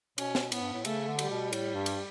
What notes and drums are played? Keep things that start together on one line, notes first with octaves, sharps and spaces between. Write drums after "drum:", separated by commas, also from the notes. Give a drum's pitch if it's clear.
B2 C#4, drum: cymbal
drum: snare
A2 B3, drum: cymbal
G2
A2
C#3 A3, drum: cymbal
D3
G3, drum: cymbal
B2
A2, drum: cymbal
G2
drum: cymbal